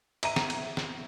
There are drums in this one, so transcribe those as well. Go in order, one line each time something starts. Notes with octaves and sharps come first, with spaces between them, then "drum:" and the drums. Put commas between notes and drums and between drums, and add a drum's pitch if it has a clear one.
E5 A#5 D#7, drum: cymbal
drum: snare
drum: cymbal
drum: snare